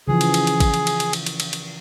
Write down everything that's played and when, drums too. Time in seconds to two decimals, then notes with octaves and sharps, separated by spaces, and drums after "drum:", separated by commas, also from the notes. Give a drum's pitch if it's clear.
0.08 C#3 E3 F3 G#4
0.21 drum: cymbal
0.34 drum: cymbal
0.47 drum: cymbal
0.60 drum: kick G#1, cymbal
0.74 drum: cymbal
0.87 drum: cymbal
1.00 drum: cymbal
1.13 drum: cymbal
1.26 drum: cymbal
1.40 drum: cymbal
1.53 drum: cymbal